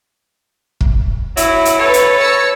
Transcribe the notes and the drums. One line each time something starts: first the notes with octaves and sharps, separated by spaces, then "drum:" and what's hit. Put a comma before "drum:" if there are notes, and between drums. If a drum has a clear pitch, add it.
drum: kick
F#3 E4, drum: hi-hat
drum: hi-hat
A4 B4 C#5
drum: hi-hat
E6 A#6 C#7